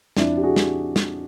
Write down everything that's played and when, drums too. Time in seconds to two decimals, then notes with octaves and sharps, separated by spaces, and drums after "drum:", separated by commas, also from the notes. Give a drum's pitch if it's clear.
0.17 F2 D4 E4, drum: snare
0.37 G4
0.43 F#4 G#4
0.56 drum: snare
0.96 drum: snare